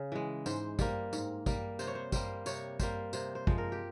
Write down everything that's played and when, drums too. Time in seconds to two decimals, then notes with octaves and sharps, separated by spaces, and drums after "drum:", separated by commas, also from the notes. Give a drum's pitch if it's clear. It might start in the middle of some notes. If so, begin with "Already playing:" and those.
Already playing: C#3
0.12 E3 G#3
0.46 G#2 C5, drum: tambourine
0.79 G3 A#3, drum: kick, tambourine
1.13 G#2, drum: tambourine
1.46 G3 A#3, drum: kick, tambourine
1.79 C3 C5, drum: tambourine
1.87 C#5
1.95 C5
2.12 G3 A#3 C5, drum: kick, tambourine
2.46 C3 C#5, drum: tambourine
2.80 G3 A#3 C5, drum: kick, tambourine
3.13 C3 C5, drum: tambourine
3.35 C5
3.47 F3 G#3, drum: kick
3.58 A#4
3.72 G4